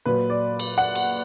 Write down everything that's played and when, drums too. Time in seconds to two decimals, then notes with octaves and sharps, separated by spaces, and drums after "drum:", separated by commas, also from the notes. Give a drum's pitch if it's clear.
0.05 A#2 F#3 B4
0.30 D5
0.59 drum: cymbal
0.78 F#5
0.95 drum: cymbal